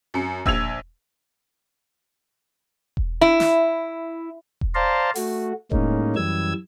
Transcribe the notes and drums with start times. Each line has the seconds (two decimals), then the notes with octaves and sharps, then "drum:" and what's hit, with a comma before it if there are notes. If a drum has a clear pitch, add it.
0.14 F#2 C#7
0.46 A#1 E6 G#6 F7, drum: kick E1
2.97 drum: kick E1
3.21 E4
3.40 drum: snare
4.61 drum: kick E1
4.75 C5 D5 F5 A5 A#5 C6
5.15 A3 F#4, drum: open hi-hat
5.72 A2 G#3 A#3 C#4 D#4, drum: kick E1
6.16 F#2 E3 G3 E6 G#6